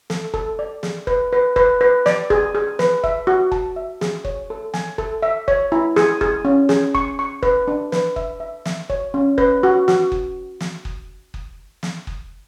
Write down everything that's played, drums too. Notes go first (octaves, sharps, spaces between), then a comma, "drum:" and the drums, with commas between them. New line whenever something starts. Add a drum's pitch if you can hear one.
A4, drum: snare
A4, drum: kick F#1
D5
G#4, drum: snare
B4, drum: kick F#1
B4
B4, drum: kick F#1
B4
D5, drum: snare
G#4, drum: kick F#1
G#4
B4, drum: snare
E5, drum: kick F#1
F#4
A5, drum: kick F#1
E5
G#4, drum: snare
C#5, drum: kick F#1
A4
G#5, drum: snare
A4, drum: kick F#1
E5
C#5, drum: kick F#1
E4
G#4, drum: snare
G#4, drum: kick F#1
C#4
G#4, drum: snare
C#6, drum: kick F#1
C#6
B4, drum: kick F#1
D4
B4, drum: snare
E5, drum: kick F#1
E5
E5, drum: snare
C#5, drum: kick F#1
C#4
B4, drum: kick F#1
F#4
F#4, drum: snare
drum: kick F#1
drum: snare
drum: kick F#1
drum: kick F#1
drum: snare
drum: kick F#1